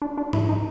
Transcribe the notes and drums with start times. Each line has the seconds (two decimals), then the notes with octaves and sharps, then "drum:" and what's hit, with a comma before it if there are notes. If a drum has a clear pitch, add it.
0.02 D4
0.17 D4
0.33 E4, drum: tom G#2
0.49 D#4